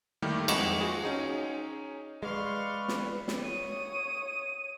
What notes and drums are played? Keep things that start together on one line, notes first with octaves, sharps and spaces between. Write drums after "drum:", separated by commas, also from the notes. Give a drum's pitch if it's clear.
D#3 G3 A3 A#3 E4 G4
F2 G#3 D#5 F#5 C#6 E7, drum: cymbal
F4 F#4 G#4
C#4 D#4 G#4
G#3 B4 D5 F5 C6 C#6
drum: snare
drum: snare
C#5 D#6 D#7